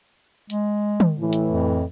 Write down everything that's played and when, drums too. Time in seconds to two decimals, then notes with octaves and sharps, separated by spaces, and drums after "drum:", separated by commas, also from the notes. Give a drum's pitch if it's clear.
0.50 G#3, drum: hi-hat
1.00 drum: tom
1.19 A2 E3
1.33 drum: hi-hat
1.49 F2